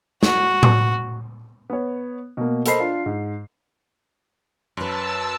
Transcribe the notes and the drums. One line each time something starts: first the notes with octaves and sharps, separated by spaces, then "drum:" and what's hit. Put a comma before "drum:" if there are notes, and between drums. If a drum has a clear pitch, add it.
F#4, drum: snare
drum: tom A2
B3 C#5
B2 A#3
A4 A#4 C5 D#5 B5 C7, drum: hi-hat
D4 F4
G#2
F#2 B4 C#5 A5 E6